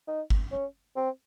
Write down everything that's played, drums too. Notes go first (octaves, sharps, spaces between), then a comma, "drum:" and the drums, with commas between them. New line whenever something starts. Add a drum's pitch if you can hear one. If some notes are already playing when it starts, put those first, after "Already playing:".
D#4
drum: kick G1
C#4
C4